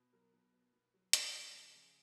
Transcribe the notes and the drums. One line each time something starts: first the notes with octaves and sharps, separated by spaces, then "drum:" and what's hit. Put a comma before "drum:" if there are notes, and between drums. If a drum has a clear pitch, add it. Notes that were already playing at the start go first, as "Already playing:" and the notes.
Already playing: B2
F#3 A#4
B2
B3
B2
F#3
C4 C5, drum: hi-hat
F3
C#3
C#3